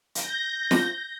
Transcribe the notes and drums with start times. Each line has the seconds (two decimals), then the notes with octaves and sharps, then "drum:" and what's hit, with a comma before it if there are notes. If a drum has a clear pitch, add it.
0.15 G6 A#6, drum: hi-hat
0.71 drum: snare